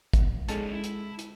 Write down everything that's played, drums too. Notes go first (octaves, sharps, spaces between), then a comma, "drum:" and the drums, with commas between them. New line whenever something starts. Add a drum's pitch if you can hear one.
drum: kick, hi-hat
G#3 C#4 D#4 A4 A5, drum: hi-hat
E4
drum: hi-hat
drum: hi-hat